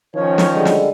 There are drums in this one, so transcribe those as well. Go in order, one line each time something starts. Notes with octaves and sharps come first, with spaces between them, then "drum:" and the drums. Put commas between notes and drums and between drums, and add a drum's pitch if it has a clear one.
D#3 F3 C#4 C#5
drum: snare
D3 G3 G#3
drum: snare